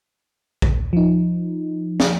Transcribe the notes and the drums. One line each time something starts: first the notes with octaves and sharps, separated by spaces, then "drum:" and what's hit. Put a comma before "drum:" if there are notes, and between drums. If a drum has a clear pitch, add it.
drum: kick A#1
F3 D#4
drum: snare